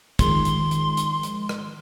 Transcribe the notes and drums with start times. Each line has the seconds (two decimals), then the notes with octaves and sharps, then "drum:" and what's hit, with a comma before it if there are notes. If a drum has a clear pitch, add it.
0.19 D#3 F3 G#3 C6, drum: kick, hi-hat
0.45 drum: hi-hat
0.71 drum: hi-hat
0.97 drum: hi-hat
1.23 drum: hi-hat
1.49 drum: rim click